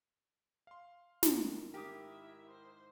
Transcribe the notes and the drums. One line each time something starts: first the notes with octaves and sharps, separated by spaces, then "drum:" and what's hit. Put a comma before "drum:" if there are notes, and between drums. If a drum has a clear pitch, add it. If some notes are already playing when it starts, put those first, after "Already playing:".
F5 C6
G#2 D#3, drum: snare
E4 G4 A#4 E5 D#6
C5